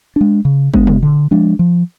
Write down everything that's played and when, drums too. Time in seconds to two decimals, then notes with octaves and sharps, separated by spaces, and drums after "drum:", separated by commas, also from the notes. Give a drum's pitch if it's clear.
0.16 G#3 D4
0.45 C#3
0.74 G#3 B3 D4, drum: kick
0.87 drum: tom
1.03 D3
1.31 F3 G#3 D4
1.59 F3